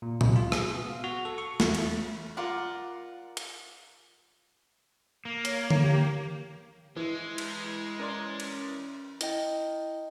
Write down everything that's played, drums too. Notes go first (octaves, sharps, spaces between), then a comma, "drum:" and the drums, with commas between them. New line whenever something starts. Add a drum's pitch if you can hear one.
A#2
C#2, drum: tom A#2
F4
G#4, drum: rim click
B3
F5
F#4
A4
C#6
E2, drum: snare
A3, drum: cymbal
F4 A#4 D5 F#5
drum: hi-hat
A#3
C#5, drum: hi-hat
drum: tom D3
G4
E3 G#3
drum: cymbal
C#4 A#4 D5 C6
drum: cymbal
E4 D#5 G5, drum: hi-hat